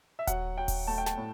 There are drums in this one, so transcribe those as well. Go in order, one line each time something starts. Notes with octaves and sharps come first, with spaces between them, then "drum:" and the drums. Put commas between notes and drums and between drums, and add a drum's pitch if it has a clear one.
E5
F#3 F#5, drum: kick D#1, hi-hat
F#3 G5
drum: kick D#1, open hi-hat
A3 A5
G5
A5, drum: snare
A2